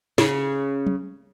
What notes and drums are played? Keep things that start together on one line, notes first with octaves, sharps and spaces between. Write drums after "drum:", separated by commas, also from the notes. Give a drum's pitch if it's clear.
C#3, drum: snare
drum: tom